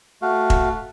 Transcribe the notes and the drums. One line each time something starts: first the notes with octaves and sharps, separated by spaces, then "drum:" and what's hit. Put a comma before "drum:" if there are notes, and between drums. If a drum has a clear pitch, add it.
A3 F#4 F5
drum: kick E1